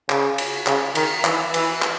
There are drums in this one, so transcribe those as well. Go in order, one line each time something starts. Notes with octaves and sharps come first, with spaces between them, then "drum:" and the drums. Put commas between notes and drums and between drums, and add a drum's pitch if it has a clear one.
C#3, drum: clap
drum: cymbal
C#3, drum: clap
D#3, drum: cymbal
E3, drum: clap
E3, drum: cymbal
drum: clap